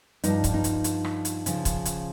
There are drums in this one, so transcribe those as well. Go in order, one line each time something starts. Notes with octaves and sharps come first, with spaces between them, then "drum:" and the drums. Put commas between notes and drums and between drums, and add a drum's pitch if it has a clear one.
G2 F3 D#4, drum: hi-hat
drum: kick C#1, hi-hat
D#4
drum: hi-hat
drum: hi-hat
drum: rim click
drum: hi-hat
C#3 F3, drum: hi-hat
drum: kick C#1, hi-hat
drum: hi-hat